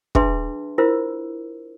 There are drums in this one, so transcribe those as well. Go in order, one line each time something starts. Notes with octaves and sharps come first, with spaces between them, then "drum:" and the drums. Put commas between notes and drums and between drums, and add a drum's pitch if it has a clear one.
D4 G#4 B4 E5 A5 C6, drum: kick
E4 F4 A#4 C5 E6